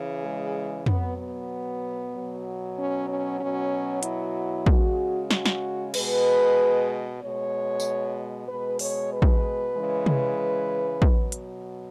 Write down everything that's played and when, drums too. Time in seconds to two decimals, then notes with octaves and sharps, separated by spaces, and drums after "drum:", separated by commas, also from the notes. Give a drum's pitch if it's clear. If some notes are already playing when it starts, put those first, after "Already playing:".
Already playing: C#3 E3
0.22 G#3
0.86 B2 F#3 B3, drum: tom F2
1.18 B3
2.12 B2 F#3
2.77 C#4
3.09 C#4
3.39 B2 F#3 C#4
4.03 E4, drum: hi-hat
4.66 C#3 G#3 F#4, drum: kick
5.31 F#4, drum: snare
5.46 drum: snare
5.94 B2 G#3 B4, drum: cymbal
7.20 B2 G#3 C#5
7.80 drum: tambourine
8.48 B2 G#3 B4
8.79 C#5, drum: open hi-hat
9.11 B4
9.22 drum: kick
9.74 C#3 E3 G#3
10.06 drum: tom C3
11.02 B2 F#3, drum: kick
11.32 drum: hi-hat